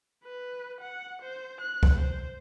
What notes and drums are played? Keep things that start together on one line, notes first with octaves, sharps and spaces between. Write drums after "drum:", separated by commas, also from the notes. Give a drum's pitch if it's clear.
B4
F#5
C5
F#6
drum: kick
C5